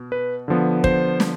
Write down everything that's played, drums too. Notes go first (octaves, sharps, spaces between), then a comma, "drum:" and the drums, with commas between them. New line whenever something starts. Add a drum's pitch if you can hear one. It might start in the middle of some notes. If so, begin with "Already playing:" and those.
Already playing: B2
B4
D3 F3 B3
C5, drum: kick
drum: snare